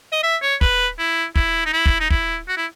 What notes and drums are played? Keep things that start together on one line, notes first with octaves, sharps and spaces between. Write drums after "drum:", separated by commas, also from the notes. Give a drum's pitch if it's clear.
D#5
E5
C#5
B4, drum: kick
E4
E4, drum: kick
D#4
E4
drum: kick
D#4
E4, drum: kick
F#4
E4